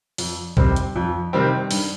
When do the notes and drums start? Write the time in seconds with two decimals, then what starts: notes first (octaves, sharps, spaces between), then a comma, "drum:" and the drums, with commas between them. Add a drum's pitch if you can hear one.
0.18 F2, drum: open hi-hat
0.57 C3 D#3 G3 C4, drum: kick
0.76 drum: hi-hat
0.96 F2
1.33 C3 D#3 G3 C4
1.71 G2, drum: open hi-hat